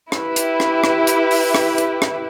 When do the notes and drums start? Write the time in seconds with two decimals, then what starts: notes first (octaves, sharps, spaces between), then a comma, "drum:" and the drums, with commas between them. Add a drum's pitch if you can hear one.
0.12 E4 G4 B4, drum: rim click
0.36 drum: hi-hat
0.60 drum: rim click
0.84 drum: rim click
1.07 drum: hi-hat
1.31 drum: open hi-hat
1.54 drum: rim click
1.78 drum: hi-hat
2.02 drum: rim click